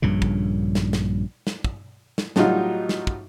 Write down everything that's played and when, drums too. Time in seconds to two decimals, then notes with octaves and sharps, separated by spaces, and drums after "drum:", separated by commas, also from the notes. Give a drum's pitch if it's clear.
0.02 A#1 G2 A#2 C#3
0.22 drum: kick
0.75 drum: snare
0.93 drum: snare
1.47 drum: snare
1.64 drum: kick
2.18 drum: snare
2.36 A2 F#3 G3 D#4 F4 F#4, drum: snare
2.89 drum: snare
3.07 drum: kick